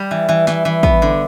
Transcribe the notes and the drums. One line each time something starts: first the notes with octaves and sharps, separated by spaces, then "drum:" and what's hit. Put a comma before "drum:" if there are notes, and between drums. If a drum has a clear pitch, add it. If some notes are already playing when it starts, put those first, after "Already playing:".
Already playing: G3
E3
E3
E3, drum: snare
E3
B3, drum: kick
D3